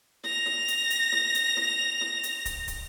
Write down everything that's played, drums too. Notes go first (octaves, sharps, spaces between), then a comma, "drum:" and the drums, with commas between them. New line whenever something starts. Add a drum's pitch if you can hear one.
A#6 F7, drum: snare
drum: snare
drum: hi-hat
drum: hi-hat
drum: snare
drum: hi-hat
drum: snare
drum: snare
drum: hi-hat
drum: kick, hi-hat
drum: kick, hi-hat